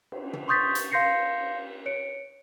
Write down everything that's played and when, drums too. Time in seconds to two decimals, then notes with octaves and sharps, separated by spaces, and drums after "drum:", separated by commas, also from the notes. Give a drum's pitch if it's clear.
0.12 drum: cymbal
0.33 drum: tom
0.48 C6 C#6 D#6 G6 A6 B6
0.75 drum: hi-hat
0.91 F5 C6 G6 A#6 C7 C#7
1.86 C#5 C#7 D7